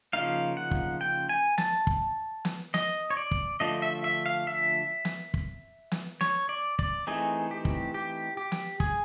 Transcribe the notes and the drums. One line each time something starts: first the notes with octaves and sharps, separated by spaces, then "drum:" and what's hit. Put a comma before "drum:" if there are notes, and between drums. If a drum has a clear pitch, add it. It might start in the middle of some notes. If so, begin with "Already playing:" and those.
C#3 F3 A#3 D#4 F5
F#5
drum: kick
G5
G#5
A5, drum: snare
drum: kick
drum: snare
D#5, drum: snare
C#5
D5
drum: kick
D3 F3 A3 D4 D#5
E5
E5
F5
E5
drum: snare
drum: kick
drum: snare
C#5, drum: snare
D5
D5, drum: kick
E3 A3 C4 D#4 G#4
G4
drum: kick
G4
G4
drum: snare
G#4, drum: kick